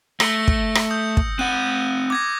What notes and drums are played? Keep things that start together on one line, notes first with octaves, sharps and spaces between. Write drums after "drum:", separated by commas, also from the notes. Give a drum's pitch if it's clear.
A3 E6 A#6 C#7, drum: rim click
drum: kick
drum: rim click
D#6 G6
drum: kick
C4 F#5 F#6 D#7
D6 G#6 A#6